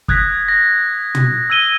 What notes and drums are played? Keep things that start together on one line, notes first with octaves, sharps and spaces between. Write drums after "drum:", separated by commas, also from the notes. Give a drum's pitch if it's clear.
D#6 F#6 G#6 A#6 B6, drum: kick
A#6
drum: tom
E6 G#6 D#7 G7